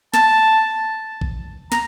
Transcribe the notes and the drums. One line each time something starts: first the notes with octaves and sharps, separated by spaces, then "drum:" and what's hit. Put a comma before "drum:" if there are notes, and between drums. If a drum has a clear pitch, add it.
A5, drum: snare
drum: kick A#1
A#5, drum: snare